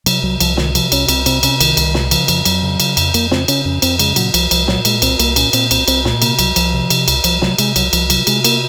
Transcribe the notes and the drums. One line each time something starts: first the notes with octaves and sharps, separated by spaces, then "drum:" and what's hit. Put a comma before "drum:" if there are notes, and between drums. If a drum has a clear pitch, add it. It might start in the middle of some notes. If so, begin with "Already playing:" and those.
C3 F#3, drum: cymbal
C2 F#3
C2 F3, drum: cymbal
C3 D#3, drum: snare
C3 F3, drum: cymbal
C2 C#4, drum: cymbal
C2 C4, drum: cymbal
C3 C4, drum: cymbal
C3 C#4, drum: cymbal
C2 D#3, drum: cymbal
C2, drum: cymbal
C3, drum: snare
C#3 F3, drum: cymbal
F2 F3, drum: cymbal
F2 F#3, drum: cymbal
C#3
C#3, drum: cymbal
F2, drum: cymbal
F2 A#3, drum: cymbal
C#3 C4, drum: snare
C#3 C#4, drum: cymbal
F2 C#4
F2 C4, drum: cymbal
C#3 G#3, drum: cymbal
A#2 F#3, drum: cymbal
C2 F3, drum: cymbal
C2 F3, drum: cymbal
A#2 F#3, drum: snare
A#2 G#3, drum: cymbal
C2 C4, drum: cymbal
C2 A#3, drum: cymbal
A#2 C#4, drum: cymbal
A#2 C4, drum: cymbal
C2 C4, drum: cymbal
C2 C4, drum: cymbal
A#2, drum: snare
C3 A#3, drum: cymbal
C2 F#3, drum: cymbal
C2 F3, drum: cymbal
C3
C3, drum: cymbal
C2, drum: cymbal
C2 F3, drum: cymbal
C3 F#3, drum: snare
C3 G#3, drum: cymbal
C2 F#3, drum: cymbal
C2 F3, drum: cymbal
C3 F#3, drum: cymbal
C3 G#3, drum: cymbal
A#3, drum: cymbal